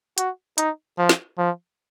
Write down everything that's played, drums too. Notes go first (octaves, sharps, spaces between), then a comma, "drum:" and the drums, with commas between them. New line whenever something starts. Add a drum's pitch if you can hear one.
F#4, drum: hi-hat
D#4, drum: hi-hat
F3
drum: snare
F3